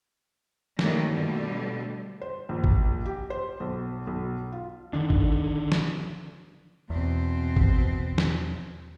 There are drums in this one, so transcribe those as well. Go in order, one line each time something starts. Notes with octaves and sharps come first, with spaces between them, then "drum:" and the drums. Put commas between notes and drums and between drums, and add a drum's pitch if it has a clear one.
D#3 F#3 G3 A3 A#3, drum: snare F3
B2 D3 F3 G3 A3
C5
A#1
drum: kick
G4
C5
B1
B1
F4
D3 D#3 D4
drum: kick
drum: snare F3
E2 B2 C4
drum: kick
drum: snare F3